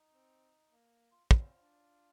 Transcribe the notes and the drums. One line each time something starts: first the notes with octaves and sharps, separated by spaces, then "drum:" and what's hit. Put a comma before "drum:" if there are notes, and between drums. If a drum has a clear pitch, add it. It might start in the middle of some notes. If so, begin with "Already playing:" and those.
Already playing: D#4
C4
A#3
F4
C4 F4, drum: kick
D4